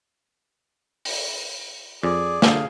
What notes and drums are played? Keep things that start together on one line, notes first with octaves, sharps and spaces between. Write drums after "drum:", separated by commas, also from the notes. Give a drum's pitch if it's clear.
drum: open hi-hat
F2 G#4 D5
D3 G#4 A4 D5 F5, drum: snare